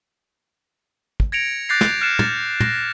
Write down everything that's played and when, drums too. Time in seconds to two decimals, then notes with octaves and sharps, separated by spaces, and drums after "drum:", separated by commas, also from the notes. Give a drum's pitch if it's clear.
1.20 drum: kick
1.32 G#6 A#6 C#7 D7 F7
1.69 D6 F#6 G6 A6 A#6 C7
1.81 drum: snare
2.01 F6 F#6 A6 C7 C#7 E7
2.19 A6, drum: tom
2.60 A#6, drum: tom